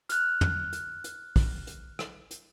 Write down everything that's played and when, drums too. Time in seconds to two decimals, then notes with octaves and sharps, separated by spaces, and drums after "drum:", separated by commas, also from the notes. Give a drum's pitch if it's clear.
0.09 F6 F#6, drum: hi-hat
0.41 drum: tom
0.73 drum: hi-hat
1.04 drum: hi-hat
1.36 drum: kick, open hi-hat
1.67 drum: hi-hat
1.99 drum: rim click
2.31 drum: hi-hat